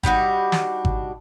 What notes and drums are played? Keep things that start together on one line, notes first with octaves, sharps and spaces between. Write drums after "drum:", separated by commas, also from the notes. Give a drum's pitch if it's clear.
G3 D4 D#4 F#4, drum: kick G#1
drum: snare
drum: kick G#1